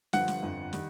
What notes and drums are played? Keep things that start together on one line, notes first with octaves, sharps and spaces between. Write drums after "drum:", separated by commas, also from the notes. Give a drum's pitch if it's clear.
G1 G2 D3 F3 F#5, drum: snare
drum: snare
G1 F2 D3
D#3 G3, drum: snare